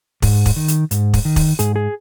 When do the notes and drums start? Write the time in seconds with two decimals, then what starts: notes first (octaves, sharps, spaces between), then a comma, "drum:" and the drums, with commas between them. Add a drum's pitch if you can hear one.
0.22 G#2, drum: kick, open hi-hat
0.46 drum: kick, open hi-hat
0.56 D#3
0.68 drum: hi-hat
0.91 G#2, drum: hi-hat
1.14 drum: kick, open hi-hat
1.25 D#3
1.36 drum: kick, open hi-hat
1.59 G#2 G#4, drum: hi-hat
1.76 G#4